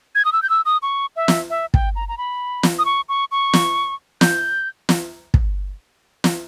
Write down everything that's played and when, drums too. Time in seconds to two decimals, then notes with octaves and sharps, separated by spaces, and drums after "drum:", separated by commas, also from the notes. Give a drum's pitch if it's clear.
0.15 G#6
0.25 D#6
0.33 E6
0.43 G6
0.50 E6
0.65 D#6
0.82 C#6
1.16 E5
1.28 drum: snare
1.50 E5
1.74 G5, drum: kick
1.96 A#5
2.08 A#5
2.18 B5
2.63 drum: snare
2.79 D#6
2.85 C#6
3.09 C#6
3.32 C#6
3.53 drum: snare
4.21 G6, drum: snare
4.89 drum: snare
5.34 drum: kick
6.24 drum: snare